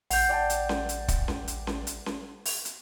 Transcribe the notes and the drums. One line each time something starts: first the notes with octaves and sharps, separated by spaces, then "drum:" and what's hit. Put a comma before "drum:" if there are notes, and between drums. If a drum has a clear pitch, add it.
A1 F#5 G6 C7, drum: open hi-hat
D5 G5 A5
drum: hi-hat
drum: snare C#4
drum: hi-hat
drum: kick, hi-hat
drum: snare C#4
drum: hi-hat
drum: snare C#4
drum: hi-hat
drum: snare C#4
drum: open hi-hat
drum: hi-hat